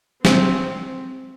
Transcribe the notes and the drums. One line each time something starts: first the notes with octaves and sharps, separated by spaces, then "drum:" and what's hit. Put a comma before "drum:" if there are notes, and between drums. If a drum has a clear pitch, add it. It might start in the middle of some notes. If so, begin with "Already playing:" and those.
C4, drum: snare